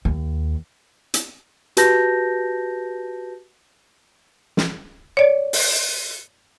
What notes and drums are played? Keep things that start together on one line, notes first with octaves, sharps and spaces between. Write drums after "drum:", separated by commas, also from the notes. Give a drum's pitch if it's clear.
D#2
drum: hi-hat
F#4 G4 B4 A5 G6 A#6, drum: hi-hat
drum: snare
C#5 D5
drum: open hi-hat